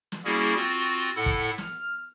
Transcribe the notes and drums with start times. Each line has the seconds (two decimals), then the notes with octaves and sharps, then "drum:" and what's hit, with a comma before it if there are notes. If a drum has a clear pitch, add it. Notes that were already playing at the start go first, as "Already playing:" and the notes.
0.12 drum: snare
0.25 G3 A#3 C#4 E4 F#4 G#4
0.55 C4 F4 F#4
1.16 A2 E4 A4 F#5
1.26 drum: kick
1.58 F6, drum: snare